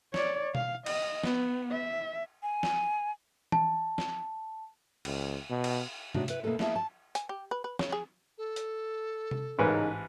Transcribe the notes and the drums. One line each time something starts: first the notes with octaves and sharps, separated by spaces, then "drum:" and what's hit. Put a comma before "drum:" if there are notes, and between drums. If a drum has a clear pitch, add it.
C#5 D5, drum: snare
F5, drum: tom B2
D#5, drum: cymbal
B3, drum: snare
E5
G#5
drum: snare
A5, drum: tom E3
drum: snare
C#2, drum: cymbal
B2
drum: cymbal
A2 C3 D4 D#4 F#4, drum: tom C3
E4 B4, drum: hi-hat
B2 A#3 E4 F#4 A4 B4
A#3 B3 E4 G#4 E5 A5, drum: snare
A5
G#5, drum: hi-hat
G4
B4
B4
C#3, drum: snare
G#4
A4
drum: hi-hat
drum: tom C3
A1 G#2 C#3 D#4 A#4 B4